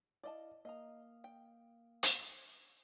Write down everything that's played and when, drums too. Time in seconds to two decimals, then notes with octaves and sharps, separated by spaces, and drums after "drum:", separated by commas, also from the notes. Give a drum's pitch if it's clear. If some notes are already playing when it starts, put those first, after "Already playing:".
0.23 E4 D5 D#5 F5 A5
0.65 A#3 D#5 F5 A#5 D#6
1.24 G5
2.03 drum: hi-hat